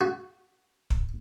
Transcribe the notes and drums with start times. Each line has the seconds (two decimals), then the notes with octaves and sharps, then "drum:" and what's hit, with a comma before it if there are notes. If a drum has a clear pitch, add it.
0.01 F#4
0.90 drum: kick